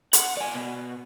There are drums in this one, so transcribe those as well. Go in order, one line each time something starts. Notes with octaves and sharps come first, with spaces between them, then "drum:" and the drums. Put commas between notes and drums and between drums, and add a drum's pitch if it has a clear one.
F#5, drum: hi-hat
D5 G#5
B2